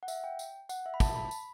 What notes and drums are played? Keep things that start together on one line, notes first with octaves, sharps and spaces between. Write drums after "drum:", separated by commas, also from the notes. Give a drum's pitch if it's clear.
F#5
E5, drum: tambourine
G5
drum: tambourine
F#5, drum: tambourine
E5
B5
A5, drum: kick, tambourine
B5
drum: tambourine